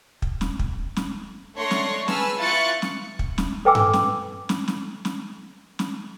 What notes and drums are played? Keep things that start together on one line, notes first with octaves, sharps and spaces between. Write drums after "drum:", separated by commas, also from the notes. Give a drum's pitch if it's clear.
drum: kick
drum: snare
drum: kick
drum: snare
A3 D4 C#5 F#5 C6 A#6
drum: snare
G#4 B4 G#5 A5 E6 F6, drum: snare
E4 F4 C#6 F#6 A6 C#7
drum: snare
drum: kick
drum: snare
A4 B4 G5 G#5 D6 E6
drum: tom G2
drum: snare
drum: snare
drum: snare
drum: snare
drum: snare